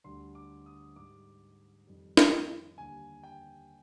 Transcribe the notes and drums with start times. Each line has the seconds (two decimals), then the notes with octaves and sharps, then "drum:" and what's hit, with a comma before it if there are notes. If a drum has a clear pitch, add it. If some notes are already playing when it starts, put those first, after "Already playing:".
0.04 D2 D3 G3 C6
0.35 D6
0.66 D#6
0.96 G#2 G3 D6
1.87 F2 D#3 G3
2.17 drum: snare
2.78 D#2 D3 G3 G#5
3.23 G5